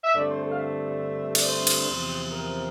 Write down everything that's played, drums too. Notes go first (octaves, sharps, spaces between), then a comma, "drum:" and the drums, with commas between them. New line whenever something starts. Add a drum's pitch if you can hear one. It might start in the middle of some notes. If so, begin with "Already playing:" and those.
E5
G2 D3 A3 C4 D5
C5
A4
F5
E5
D5, drum: cymbal
C5
drum: cymbal
E2 C3 F3 C4
A#4